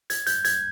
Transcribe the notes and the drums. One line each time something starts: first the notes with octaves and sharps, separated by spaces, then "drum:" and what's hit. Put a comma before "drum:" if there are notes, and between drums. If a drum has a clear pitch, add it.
G#6, drum: hi-hat
G6, drum: hi-hat
G#6, drum: hi-hat